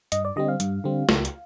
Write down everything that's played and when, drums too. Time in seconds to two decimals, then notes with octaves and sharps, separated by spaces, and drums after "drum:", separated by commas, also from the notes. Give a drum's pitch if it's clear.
0.12 G2 D#5, drum: hi-hat
0.25 D5
0.36 D3 G3 C4 D#5
0.48 F5
0.60 G2, drum: hi-hat
0.84 D3 G3 C4
1.09 C#2, drum: snare
1.25 drum: hi-hat